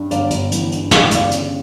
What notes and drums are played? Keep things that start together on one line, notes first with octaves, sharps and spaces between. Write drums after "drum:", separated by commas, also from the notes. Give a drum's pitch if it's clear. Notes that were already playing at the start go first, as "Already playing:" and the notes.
Already playing: G2
G1 D5 F5, drum: hi-hat
G1, drum: hi-hat
E3, drum: hi-hat
G2, drum: hi-hat
E3 F5, drum: snare
G5
G1 D5 F5, drum: hi-hat
C#3, drum: hi-hat